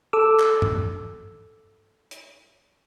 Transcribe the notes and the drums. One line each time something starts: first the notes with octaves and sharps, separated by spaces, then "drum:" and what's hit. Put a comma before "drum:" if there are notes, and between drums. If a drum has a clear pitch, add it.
A4 D6 E6
drum: clap
drum: tom
drum: hi-hat